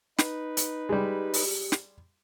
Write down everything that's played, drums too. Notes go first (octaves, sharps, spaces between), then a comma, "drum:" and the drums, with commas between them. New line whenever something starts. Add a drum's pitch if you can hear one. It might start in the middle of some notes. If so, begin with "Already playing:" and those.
D#4 B4, drum: snare
drum: hi-hat
G3 G#3 G4
drum: open hi-hat
drum: snare